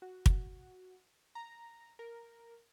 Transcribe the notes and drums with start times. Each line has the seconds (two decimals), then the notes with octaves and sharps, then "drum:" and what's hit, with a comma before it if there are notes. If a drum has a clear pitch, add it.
0.02 F#4
0.26 drum: kick
1.35 A#5
1.99 A#4